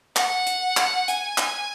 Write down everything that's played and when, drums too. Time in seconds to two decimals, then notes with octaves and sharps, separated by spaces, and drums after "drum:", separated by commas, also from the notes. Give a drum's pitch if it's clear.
0.16 F#5, drum: clap
0.46 drum: hi-hat
0.77 drum: clap
1.08 G#5, drum: hi-hat
1.38 drum: clap